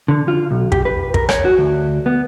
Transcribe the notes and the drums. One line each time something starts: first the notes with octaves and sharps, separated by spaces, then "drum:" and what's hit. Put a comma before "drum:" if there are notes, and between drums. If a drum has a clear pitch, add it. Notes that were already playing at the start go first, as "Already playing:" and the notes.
D3
F4
B1
G4, drum: kick
B4
A#4, drum: kick
C#5, drum: rim click
F#4
D2
B3